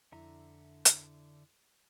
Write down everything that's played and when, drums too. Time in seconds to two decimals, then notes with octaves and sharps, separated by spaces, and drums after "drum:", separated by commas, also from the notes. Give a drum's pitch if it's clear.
0.12 F2 D3 E4 E5 A#5
0.85 drum: hi-hat